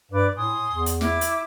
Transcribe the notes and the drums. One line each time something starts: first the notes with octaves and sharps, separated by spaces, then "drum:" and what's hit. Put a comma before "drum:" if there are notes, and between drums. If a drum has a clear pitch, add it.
G2 B4 D5 D6
A2 G#5 C6 D#6
E2
drum: hi-hat
E4 D6, drum: snare
drum: hi-hat